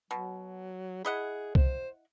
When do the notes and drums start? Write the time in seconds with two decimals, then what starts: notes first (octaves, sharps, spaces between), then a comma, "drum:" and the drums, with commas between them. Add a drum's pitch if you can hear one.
0.11 B2 F#3
1.05 E4 G#4 D#5 F#5
1.55 C5, drum: kick C2